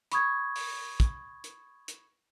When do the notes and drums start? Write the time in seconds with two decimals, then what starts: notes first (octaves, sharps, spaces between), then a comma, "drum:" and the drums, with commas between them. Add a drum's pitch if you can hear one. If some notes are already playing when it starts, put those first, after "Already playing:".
0.12 B5 C#6 D#6 G#6, drum: hi-hat
0.56 drum: open hi-hat
1.00 drum: kick, hi-hat
1.44 drum: hi-hat
1.88 drum: hi-hat